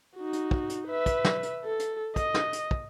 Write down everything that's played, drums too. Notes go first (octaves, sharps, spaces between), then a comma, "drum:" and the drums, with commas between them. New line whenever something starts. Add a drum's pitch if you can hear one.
D#4 F#4
drum: hi-hat
drum: kick
drum: hi-hat
B4 E5
drum: kick, hi-hat
drum: snare
drum: hi-hat
A4
drum: hi-hat
D#5, drum: kick, hi-hat
drum: snare
drum: hi-hat
drum: kick